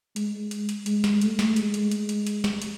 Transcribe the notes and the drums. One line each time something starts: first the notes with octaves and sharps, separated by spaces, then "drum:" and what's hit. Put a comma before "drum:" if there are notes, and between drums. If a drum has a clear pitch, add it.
G#3, drum: hi-hat
drum: hi-hat
drum: hi-hat
G#3, drum: hi-hat
drum: snare
A3, drum: hi-hat
drum: snare
G#3, drum: hi-hat
drum: hi-hat
drum: hi-hat
drum: hi-hat
drum: hi-hat
drum: snare
drum: hi-hat